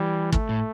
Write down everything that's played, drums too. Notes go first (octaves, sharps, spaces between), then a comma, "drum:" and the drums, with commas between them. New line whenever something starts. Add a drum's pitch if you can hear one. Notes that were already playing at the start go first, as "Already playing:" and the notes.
Already playing: E3 G3
A3, drum: kick
A2